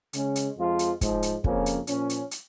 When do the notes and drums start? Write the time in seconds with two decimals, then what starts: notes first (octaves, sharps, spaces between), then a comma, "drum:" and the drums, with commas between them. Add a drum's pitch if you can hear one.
0.13 C#3 G#3 C#4, drum: hi-hat
0.36 drum: hi-hat
0.57 F2 F3 G#3 F4
0.79 drum: hi-hat
1.01 G#2 F3 G#3, drum: kick, hi-hat
1.23 drum: hi-hat
1.44 F2 C#3 F3 A#3 C#4, drum: kick
1.66 drum: hi-hat
1.87 A#2 F3 C#4, drum: hi-hat
2.10 drum: hi-hat
2.31 drum: hi-hat